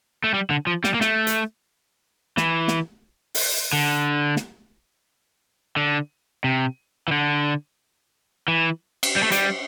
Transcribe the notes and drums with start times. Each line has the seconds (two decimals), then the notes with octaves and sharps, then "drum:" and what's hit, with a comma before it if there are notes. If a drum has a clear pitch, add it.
0.24 A3
0.34 G3
0.50 D3
0.67 F3
0.84 G3, drum: snare
0.94 A#3
1.01 A3, drum: snare
1.27 drum: hi-hat
2.37 E3, drum: snare
2.68 drum: snare
3.35 drum: open hi-hat
3.73 D3
4.36 drum: snare
5.76 D3
6.44 C3
7.08 E3
7.12 D3
8.48 E3
9.03 drum: cymbal
9.16 G3
9.23 A3
9.32 G3, drum: hi-hat